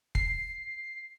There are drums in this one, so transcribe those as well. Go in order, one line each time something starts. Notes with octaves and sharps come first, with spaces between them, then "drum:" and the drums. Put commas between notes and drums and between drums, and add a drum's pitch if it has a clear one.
C7, drum: kick